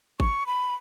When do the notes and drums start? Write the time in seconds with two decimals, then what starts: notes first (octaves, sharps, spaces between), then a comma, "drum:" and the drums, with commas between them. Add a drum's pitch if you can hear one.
0.20 C#6, drum: kick G#1
0.47 B5